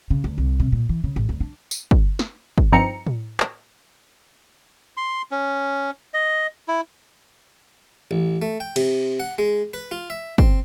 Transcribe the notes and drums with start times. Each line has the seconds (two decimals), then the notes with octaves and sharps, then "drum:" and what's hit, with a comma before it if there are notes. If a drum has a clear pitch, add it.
0.10 C#3
0.24 D2
0.38 C2
0.60 C3
0.72 A#2
0.89 E3
1.04 C#3
1.16 A1
1.29 D2
1.40 D4
1.71 drum: tambourine
1.91 drum: kick
2.19 drum: snare
2.58 drum: kick
2.72 G2 F3 C4 D#4 A#5 C#7
3.07 drum: tom A2
3.40 drum: clap
4.97 C6
5.31 C#4
6.14 D#5
6.68 E4
8.11 A1
8.42 A3
8.60 G5
8.76 C3, drum: cymbal
9.20 F#5
9.38 G#3
9.74 B4
9.91 F4
10.10 E5
10.38 C4, drum: kick